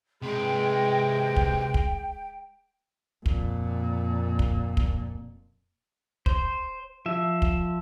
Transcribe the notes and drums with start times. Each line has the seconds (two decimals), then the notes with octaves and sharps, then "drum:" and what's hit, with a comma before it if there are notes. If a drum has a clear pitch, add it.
0.22 C3 G#3 B4 G5
1.36 drum: kick
1.74 drum: kick
3.26 F2 A#2, drum: kick
4.39 drum: kick
4.77 drum: kick
6.26 C5, drum: kick
7.06 F3 E5
7.42 drum: kick